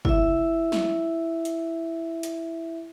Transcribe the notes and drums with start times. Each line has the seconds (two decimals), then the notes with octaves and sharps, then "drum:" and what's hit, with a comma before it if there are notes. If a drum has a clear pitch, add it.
0.05 E4 E5, drum: kick
0.72 drum: snare
1.45 drum: hi-hat
2.23 drum: hi-hat